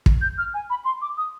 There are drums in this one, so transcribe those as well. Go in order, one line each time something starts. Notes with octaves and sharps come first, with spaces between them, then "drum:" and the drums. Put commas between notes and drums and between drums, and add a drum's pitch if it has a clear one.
drum: kick
G6
F6
G#5
B5
C6
D6
D#6